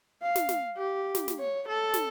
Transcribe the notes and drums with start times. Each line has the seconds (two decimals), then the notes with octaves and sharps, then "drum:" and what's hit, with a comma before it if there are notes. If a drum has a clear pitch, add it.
0.22 F5
0.36 drum: snare
0.49 drum: snare
0.77 G4
1.15 drum: snare
1.28 drum: snare
1.39 C#5
1.68 A4
1.94 drum: snare